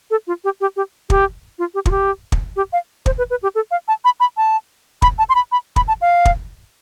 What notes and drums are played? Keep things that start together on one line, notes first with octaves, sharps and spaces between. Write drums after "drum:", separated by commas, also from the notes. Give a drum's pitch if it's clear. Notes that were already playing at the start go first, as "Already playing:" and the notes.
A4
F4
G4
G4
G4
G4, drum: kick
F4
G4
F4, drum: kick
G4
drum: kick
G4
F5
C5, drum: kick
B4
B4
G4
A4
F5
A5
B5
B5
A5
B5, drum: kick
A5
C6
B5
B5
B5, drum: kick
A5
F5
drum: kick